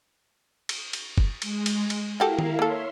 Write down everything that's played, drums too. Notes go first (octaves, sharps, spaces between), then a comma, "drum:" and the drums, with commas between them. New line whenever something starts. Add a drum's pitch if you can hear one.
drum: cymbal
drum: cymbal
drum: kick F#1
G#3, drum: cymbal
drum: cymbal
drum: cymbal
E4 F#4 G4 A4 A#4 F5
drum: tom D#3
A#3 A4 C#5 E5 C6